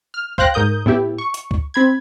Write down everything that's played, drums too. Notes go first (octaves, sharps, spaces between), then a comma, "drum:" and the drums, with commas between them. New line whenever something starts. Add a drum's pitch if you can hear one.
F6
C5 F5 G5 F#6 A#6, drum: kick C#2
G#2 A#4 D#6 G6
A2 B3 E4 G4
C#6
drum: hi-hat
drum: kick C#2
C4 B5 G#6